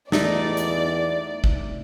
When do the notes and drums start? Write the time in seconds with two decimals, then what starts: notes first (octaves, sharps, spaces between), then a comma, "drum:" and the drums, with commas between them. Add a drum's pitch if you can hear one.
0.12 E2 A3 D#4 D5, drum: snare
0.57 drum: hi-hat
1.44 drum: kick G#1